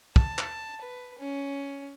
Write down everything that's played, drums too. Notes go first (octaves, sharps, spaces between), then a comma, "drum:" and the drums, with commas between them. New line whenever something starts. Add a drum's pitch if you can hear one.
A5, drum: kick
drum: clap
B4
C#4